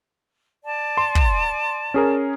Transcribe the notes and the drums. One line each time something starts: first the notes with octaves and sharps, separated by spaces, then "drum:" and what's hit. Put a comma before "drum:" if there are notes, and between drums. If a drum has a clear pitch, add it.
D5 A5
C6
drum: kick
C#4 G#4 A#4